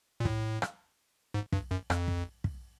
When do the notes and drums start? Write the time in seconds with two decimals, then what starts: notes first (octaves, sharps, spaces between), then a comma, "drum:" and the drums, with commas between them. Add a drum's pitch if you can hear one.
0.20 A#2
0.25 A2, drum: kick
0.62 drum: rim click
1.34 G#2
1.53 G2, drum: kick
1.71 F#2
1.90 F2, drum: rim click
2.08 drum: kick
2.44 drum: kick